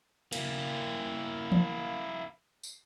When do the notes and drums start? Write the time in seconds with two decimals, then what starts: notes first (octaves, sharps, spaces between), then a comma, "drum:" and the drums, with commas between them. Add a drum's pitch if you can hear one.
0.33 A#3 E4, drum: cymbal
1.52 drum: tom E3
2.63 drum: tambourine